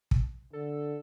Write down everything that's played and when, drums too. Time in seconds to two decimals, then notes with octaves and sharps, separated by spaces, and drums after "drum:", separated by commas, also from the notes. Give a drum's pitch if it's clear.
0.11 drum: kick
0.53 D3 A4